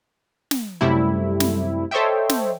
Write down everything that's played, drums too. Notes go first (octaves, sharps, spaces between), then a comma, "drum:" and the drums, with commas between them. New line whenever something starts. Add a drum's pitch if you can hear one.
drum: snare
F#2 C3 G3 A3 E4
drum: snare
A4 C5 C#5 D#5 E5 G5
drum: snare